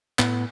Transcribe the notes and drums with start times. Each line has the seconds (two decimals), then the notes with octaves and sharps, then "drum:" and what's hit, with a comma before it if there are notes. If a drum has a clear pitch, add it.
0.19 A2 B3, drum: clap